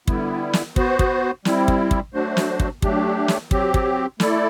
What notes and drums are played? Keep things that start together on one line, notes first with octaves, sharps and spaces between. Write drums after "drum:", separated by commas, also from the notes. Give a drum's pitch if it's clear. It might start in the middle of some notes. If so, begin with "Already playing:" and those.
D3 G3 B3 E4, drum: kick
drum: snare
B3 F#4 C5, drum: kick
drum: kick
G3 C4 E4, drum: snare
drum: kick
drum: kick
F#3 A3 D4 F#4 C5
drum: snare
drum: kick
F#3 A3 D4 G4, drum: kick
drum: snare
F#3 C4 G4, drum: kick
drum: kick
A3 E4 A4 D5, drum: snare